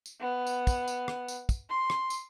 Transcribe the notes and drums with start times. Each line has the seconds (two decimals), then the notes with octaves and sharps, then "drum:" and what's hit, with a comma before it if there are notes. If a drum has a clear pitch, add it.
0.06 drum: tambourine
0.21 B3
0.47 drum: tambourine
0.67 drum: kick, tambourine
0.88 drum: tambourine
1.08 drum: rim click
1.28 drum: tambourine
1.49 drum: kick, tambourine
1.69 C6
1.90 drum: rim click
2.10 drum: tambourine